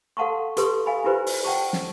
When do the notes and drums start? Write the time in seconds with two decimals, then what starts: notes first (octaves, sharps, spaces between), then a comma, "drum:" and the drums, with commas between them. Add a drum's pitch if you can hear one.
0.17 A4 F5 F#5 A5 C6 C#6
0.57 G4 A4 B4 C6 C#6, drum: hi-hat
0.86 F5 G#5 B5
1.04 E4 F4 G4 B4 C5
1.27 drum: open hi-hat
1.45 F#5 G5 A5 C#6
1.73 drum: snare